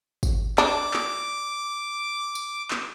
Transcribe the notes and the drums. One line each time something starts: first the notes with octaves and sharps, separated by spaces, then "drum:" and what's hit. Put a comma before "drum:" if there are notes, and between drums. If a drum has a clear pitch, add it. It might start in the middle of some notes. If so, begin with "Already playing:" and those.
drum: kick, tambourine
D4 D6, drum: clap
drum: clap
drum: tambourine
drum: clap